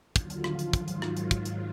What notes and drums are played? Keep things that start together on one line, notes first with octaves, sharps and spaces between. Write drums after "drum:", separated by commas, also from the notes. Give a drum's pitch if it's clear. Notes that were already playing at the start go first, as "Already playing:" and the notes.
D#2 D3 F#3 F4, drum: kick, hi-hat
drum: hi-hat
A2 F3, drum: rim click
drum: hi-hat
G#2 D#3 F#3, drum: kick, hi-hat
drum: hi-hat
drum: rim click
drum: hi-hat
drum: kick, hi-hat
drum: hi-hat